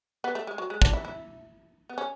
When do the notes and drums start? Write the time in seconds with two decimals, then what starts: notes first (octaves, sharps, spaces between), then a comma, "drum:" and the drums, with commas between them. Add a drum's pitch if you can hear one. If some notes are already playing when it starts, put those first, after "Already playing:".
0.24 B3
0.35 A3
0.47 G#3
0.58 F#3
0.70 G#3
0.82 D4, drum: kick
0.93 E4
1.05 E4
1.90 B3
1.98 C#4